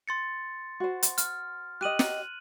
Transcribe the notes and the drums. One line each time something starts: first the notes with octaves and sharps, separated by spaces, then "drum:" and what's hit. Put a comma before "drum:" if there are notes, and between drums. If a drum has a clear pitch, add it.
C6 A6 C#7
F#4 C5
drum: hi-hat
F6, drum: hi-hat
G4 D#5 F#6 D#7 F#7
drum: snare